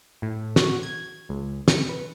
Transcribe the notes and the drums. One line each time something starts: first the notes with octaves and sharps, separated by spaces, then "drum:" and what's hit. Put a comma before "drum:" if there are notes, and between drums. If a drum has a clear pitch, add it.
A2
F#4, drum: snare
G#6
C#2
C#7, drum: snare
B4